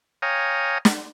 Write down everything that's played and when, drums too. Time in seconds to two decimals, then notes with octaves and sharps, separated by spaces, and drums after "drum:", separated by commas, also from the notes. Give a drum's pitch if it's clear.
0.22 C#5 F5 G5 G#5 A#5 D#6
0.85 drum: snare